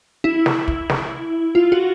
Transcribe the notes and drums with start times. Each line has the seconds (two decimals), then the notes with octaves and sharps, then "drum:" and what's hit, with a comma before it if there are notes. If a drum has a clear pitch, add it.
0.24 E4
0.46 drum: snare
0.68 drum: kick
0.90 drum: snare
1.55 F4
1.72 F#4